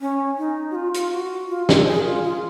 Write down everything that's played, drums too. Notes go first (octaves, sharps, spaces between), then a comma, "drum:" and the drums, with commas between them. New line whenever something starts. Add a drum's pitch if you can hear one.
C#4
D#4
F#4
F4
F4, drum: hi-hat
F#4
F4
A#4, drum: snare
G#4
F4
F4